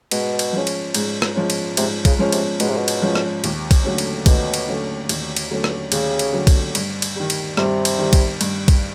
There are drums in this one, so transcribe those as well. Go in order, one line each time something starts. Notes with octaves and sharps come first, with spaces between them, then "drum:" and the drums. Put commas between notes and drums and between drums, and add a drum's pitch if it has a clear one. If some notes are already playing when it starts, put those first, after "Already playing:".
G#2 B2, drum: cymbal
drum: cymbal
F3 G#3 C#4
drum: cymbal
G#2, drum: cymbal
drum: rim click
F3 G#3 C#4
drum: cymbal
G#2 C3, drum: cymbal
C#3, drum: kick B1, cymbal
F3 G#3 C#4
C3, drum: cymbal
G#2 B2, drum: cymbal
C3
B2
drum: cymbal
F3 G#3 C#4
drum: rim click
D#2, drum: cymbal
drum: kick B1, cymbal
D3 F#3 A3 C#4
drum: cymbal
D#2 B2, drum: kick B1, cymbal
drum: cymbal
D3 F#3 A3 C#4
D#2, drum: cymbal
drum: cymbal
D3 F#3 A3 C#4
drum: rim click
D#2 C#3, drum: cymbal
drum: cymbal
D3 F#3 A3 C#4
drum: kick B1, cymbal
G2, drum: cymbal
drum: cymbal
D#3 G3
drum: cymbal
G2 C3, drum: rim click
drum: cymbal
D#3 G3
drum: kick B1, cymbal
G2, drum: cymbal
drum: kick B1, cymbal